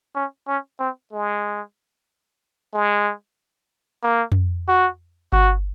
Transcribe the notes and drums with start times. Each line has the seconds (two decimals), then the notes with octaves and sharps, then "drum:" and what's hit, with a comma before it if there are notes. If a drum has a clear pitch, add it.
0.15 C#4
0.48 C#4
0.79 C4
1.13 G#3
2.74 G#3
4.04 A#3
4.32 drum: tom F2
4.68 F#4
5.33 F#4, drum: kick G1